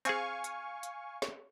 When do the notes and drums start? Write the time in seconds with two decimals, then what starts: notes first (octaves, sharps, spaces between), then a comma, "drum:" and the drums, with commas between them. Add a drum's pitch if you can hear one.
0.05 C4 G#4 F5 G#5 C#6, drum: hi-hat
0.44 drum: hi-hat
0.83 drum: hi-hat
1.22 drum: snare